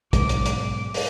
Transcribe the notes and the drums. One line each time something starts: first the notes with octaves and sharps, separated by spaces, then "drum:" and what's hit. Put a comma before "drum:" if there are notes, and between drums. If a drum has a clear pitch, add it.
G#2 B2 F#3 G#3 D6, drum: kick, hi-hat
drum: hi-hat
drum: hi-hat
drum: open hi-hat